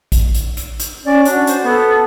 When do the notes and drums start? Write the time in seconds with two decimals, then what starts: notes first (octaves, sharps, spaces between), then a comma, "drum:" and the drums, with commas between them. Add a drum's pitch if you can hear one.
0.12 drum: kick, hi-hat
0.34 drum: hi-hat
0.57 drum: hi-hat
0.80 drum: hi-hat
1.05 C#4 D5
1.25 D4 F#4, drum: hi-hat
1.47 C5, drum: hi-hat
1.63 B3 A4